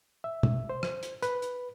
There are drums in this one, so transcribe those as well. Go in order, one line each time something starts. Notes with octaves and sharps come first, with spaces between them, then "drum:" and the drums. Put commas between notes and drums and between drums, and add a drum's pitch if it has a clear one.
E5
drum: tom
C5
drum: rim click
drum: hi-hat
B4, drum: hi-hat
drum: hi-hat